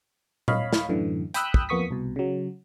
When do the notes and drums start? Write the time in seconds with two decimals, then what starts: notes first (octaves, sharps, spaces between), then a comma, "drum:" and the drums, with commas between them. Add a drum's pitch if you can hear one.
0.48 C#5 D#5 F5 B5, drum: tom A#2
0.73 drum: snare
0.89 F#2 A2 D3 E3
1.34 G5 B5 D#6 E6 F#6 G6, drum: hi-hat
1.54 drum: kick
1.69 F2 A#3 B3 C#6 D#6 B6
1.91 C2 B2
2.16 C#3 F#3